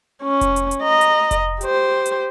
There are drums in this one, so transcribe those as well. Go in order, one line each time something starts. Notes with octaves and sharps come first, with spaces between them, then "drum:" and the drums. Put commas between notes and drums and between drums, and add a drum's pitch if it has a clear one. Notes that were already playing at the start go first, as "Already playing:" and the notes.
C#4
drum: kick F1, hi-hat
drum: hi-hat
drum: hi-hat
D#5 A#5
drum: hi-hat
drum: kick F1, hi-hat
G4 C5, drum: hi-hat
drum: hi-hat